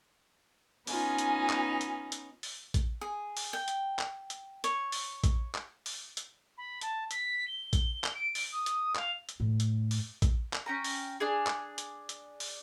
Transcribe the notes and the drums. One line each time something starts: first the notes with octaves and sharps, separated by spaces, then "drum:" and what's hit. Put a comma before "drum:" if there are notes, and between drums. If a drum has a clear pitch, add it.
B3 C#4 D#4 F4 G#5, drum: open hi-hat
drum: hi-hat
drum: clap
drum: hi-hat
drum: hi-hat
drum: open hi-hat
drum: kick A#1, hi-hat
G#4
drum: open hi-hat
G5
drum: hi-hat
drum: clap
drum: hi-hat
C#5, drum: hi-hat
drum: open hi-hat
drum: kick A#1, hi-hat
drum: clap
drum: open hi-hat
drum: hi-hat
B5
A5, drum: hi-hat
B6, drum: hi-hat
G7
drum: kick A#1, hi-hat
drum: clap
D7
drum: open hi-hat
D#6
drum: hi-hat
F5, drum: clap
drum: hi-hat
A2
drum: hi-hat
drum: open hi-hat
drum: kick A#1, hi-hat
drum: clap
C#4 G5 A#5
drum: open hi-hat
D4 G#4
drum: clap
drum: hi-hat
drum: hi-hat
drum: open hi-hat